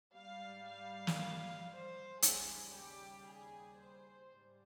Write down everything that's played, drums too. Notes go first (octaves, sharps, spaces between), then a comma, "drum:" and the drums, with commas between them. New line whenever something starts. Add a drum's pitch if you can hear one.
G#2 G3 F5
F5
drum: snare
C5
D#2 C#3 G3 G#4, drum: hi-hat
G4
G#4
C5
G#2 G3